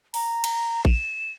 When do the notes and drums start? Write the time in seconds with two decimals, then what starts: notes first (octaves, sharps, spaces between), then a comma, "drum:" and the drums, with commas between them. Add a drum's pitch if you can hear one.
0.14 A#5, drum: open hi-hat
0.44 drum: cymbal
0.85 E7, drum: kick A1